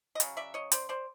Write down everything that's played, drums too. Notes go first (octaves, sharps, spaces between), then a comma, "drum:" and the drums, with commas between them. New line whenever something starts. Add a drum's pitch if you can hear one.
D#5
C#3 F#3, drum: hi-hat
D5 E5
C#5 D#5
C5 D5, drum: hi-hat
C5 D5